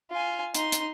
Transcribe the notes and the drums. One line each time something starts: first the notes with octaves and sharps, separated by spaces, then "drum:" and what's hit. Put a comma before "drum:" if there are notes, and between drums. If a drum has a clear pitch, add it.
F4 G#5
D#4 C6, drum: hi-hat
drum: hi-hat